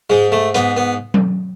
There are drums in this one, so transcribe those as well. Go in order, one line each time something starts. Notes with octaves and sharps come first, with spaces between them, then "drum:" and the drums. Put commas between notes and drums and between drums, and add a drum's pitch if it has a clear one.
G#2 G#3
A3
G#2 B3, drum: hi-hat
B3
drum: tom F#3